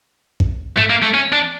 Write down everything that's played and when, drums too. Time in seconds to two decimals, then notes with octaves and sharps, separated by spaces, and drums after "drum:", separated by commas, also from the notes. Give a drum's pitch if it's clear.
0.40 drum: kick
0.77 A3, drum: tom G#2
0.90 A#3
1.02 A3
1.14 C#4
1.32 D4